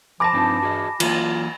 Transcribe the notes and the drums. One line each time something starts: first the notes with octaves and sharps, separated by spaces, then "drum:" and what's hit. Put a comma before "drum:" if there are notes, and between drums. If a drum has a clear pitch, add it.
F3 G#5 A5 B5 D6 A#6
G2 F3 C4 D#4
F#4 G#4 D#5
E3 F#3 A#3 F4, drum: cymbal